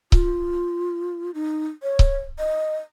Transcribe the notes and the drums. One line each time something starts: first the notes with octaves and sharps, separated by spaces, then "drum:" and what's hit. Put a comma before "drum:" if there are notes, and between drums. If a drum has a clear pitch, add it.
F4, drum: kick C#1
D#4
C#5
drum: kick C#1
D#5